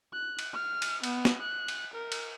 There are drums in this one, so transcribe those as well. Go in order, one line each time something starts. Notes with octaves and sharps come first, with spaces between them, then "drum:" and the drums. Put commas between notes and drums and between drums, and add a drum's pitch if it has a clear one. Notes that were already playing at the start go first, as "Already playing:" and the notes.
F#6
drum: cymbal
F6
drum: cymbal
B3, drum: cymbal
drum: snare
F#6
drum: cymbal
A#4
drum: cymbal